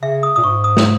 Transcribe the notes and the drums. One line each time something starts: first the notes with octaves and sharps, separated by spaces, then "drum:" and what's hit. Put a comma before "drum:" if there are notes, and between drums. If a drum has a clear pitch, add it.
C#3 E5
D#6
A#2 D#6
G#2 C#6
D#6
drum: snare